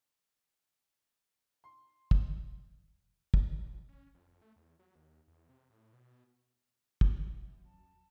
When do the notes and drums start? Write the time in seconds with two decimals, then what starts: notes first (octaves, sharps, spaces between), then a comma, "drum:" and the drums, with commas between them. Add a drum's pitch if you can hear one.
1.64 C6
2.11 drum: kick
3.34 drum: kick
3.63 F2
3.89 C#4
4.14 F2
4.42 A3
4.56 E2
4.79 F#3
4.95 D#2
5.28 E2
5.49 C3
5.70 A2
5.93 B2
7.01 drum: kick
7.22 F#2
7.65 D#2 F#3 A5